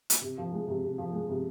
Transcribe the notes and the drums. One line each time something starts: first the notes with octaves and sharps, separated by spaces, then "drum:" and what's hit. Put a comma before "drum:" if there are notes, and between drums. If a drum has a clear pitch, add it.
drum: hi-hat
C3
F3
G#3
C3
C3
F3
G#3
C3